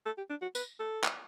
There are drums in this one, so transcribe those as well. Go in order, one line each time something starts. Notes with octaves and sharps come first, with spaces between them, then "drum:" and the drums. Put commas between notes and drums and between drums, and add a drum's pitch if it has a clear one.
A4
G4
D4
F#4
B4, drum: tambourine
A4
drum: clap